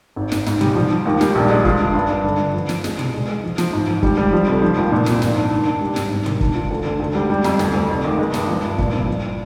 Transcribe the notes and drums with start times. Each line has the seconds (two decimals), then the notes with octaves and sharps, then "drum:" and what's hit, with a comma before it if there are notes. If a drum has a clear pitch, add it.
0.16 G#1
0.32 G#1, drum: snare
0.46 G#2, drum: snare
0.61 G3, drum: tom
0.75 F3
0.91 F3
1.06 D#2
1.21 G3, drum: snare
1.35 A#1
1.50 G#3
1.65 F4, drum: kick
1.80 D4
1.95 G2
2.10 D4
2.24 D3
2.39 G2
2.54 F3
2.69 F3, drum: snare
2.84 G#3, drum: snare
2.99 C2, drum: tom
3.14 G#3
3.29 G#3
3.43 F3
3.58 F3, drum: snare
3.73 G#2
3.88 F3
4.03 G3, drum: kick
4.18 G3
4.33 F3
4.47 F1
4.62 F3
4.77 D#2
4.92 A#2
5.06 C2, drum: snare
5.22 G#2, drum: snare
5.36 D4
5.51 D#3
5.66 D4
5.81 G3
5.96 G#1, drum: snare
6.11 G#2
6.26 D#3, drum: tom
6.41 D4, drum: kick
6.55 F4
6.70 D2
6.85 D3
7.00 D2
7.15 G3
7.30 G3
7.44 F2, drum: snare
7.59 D2, drum: snare
7.74 D2
7.89 F1
8.04 D#2
8.19 G#3
8.34 G2, drum: snare
8.49 F3
8.64 G2
8.78 A#2, drum: kick
8.93 C2
9.08 F3